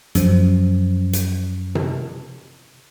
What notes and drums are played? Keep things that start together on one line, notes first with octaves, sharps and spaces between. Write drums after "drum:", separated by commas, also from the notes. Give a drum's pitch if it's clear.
F#2 F3, drum: hi-hat
drum: hi-hat
drum: tom C3